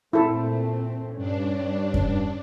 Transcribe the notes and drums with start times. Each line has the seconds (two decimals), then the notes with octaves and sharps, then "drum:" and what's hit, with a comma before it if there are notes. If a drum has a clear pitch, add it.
0.13 A#2 A3 C4 E4 A4
1.15 G2 C#4 D4
1.94 drum: kick F2